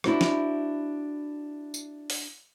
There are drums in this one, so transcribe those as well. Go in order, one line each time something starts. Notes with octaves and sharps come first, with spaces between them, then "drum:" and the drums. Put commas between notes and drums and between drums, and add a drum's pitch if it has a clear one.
D4 E4 F#4 C5, drum: rim click
drum: snare
drum: tambourine
drum: open hi-hat